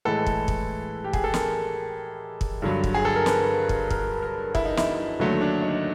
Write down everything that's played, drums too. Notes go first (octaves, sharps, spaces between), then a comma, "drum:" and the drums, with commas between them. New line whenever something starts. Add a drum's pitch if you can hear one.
A2 E3 G#3 A4
drum: kick
drum: kick
G4
G#4, drum: kick
A4
A#4, drum: snare
drum: kick
G2 D3 F#3
drum: kick
G#4
A4
A#4
B4, drum: snare
drum: kick
A#4, drum: kick
A#4
E4, drum: kick
D#4
E4, drum: snare
D#2 D3 F#3 A3
D4
D#4